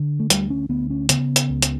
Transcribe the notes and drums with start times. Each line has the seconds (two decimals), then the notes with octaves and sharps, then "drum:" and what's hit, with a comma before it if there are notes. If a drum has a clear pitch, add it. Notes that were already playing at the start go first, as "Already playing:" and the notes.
Already playing: D3
0.20 A3
0.30 D2 G3, drum: hi-hat
0.50 C#4
0.69 D2 B3
0.90 C#4
1.09 C#3 B3, drum: hi-hat
1.36 drum: hi-hat
1.49 C#2
1.62 drum: hi-hat